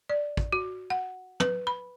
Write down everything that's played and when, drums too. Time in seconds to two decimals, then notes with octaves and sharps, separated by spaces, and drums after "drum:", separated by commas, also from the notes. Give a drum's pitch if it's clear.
0.09 D5
0.37 drum: kick
0.53 F#4
0.90 F#5
1.40 B4, drum: tom
1.67 B5